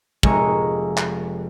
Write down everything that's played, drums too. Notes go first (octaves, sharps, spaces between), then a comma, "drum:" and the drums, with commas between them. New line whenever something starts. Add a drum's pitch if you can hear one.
F1 G#3 A#3 C#6 D#6, drum: kick
drum: clap